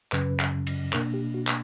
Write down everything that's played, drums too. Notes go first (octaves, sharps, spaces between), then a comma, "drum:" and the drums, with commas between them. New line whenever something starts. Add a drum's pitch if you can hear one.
F#2 C#3 F#3 C#4 B4, drum: clap
drum: clap
drum: cymbal
B2 A#3 D4 A#4, drum: clap
G4
F#4
drum: clap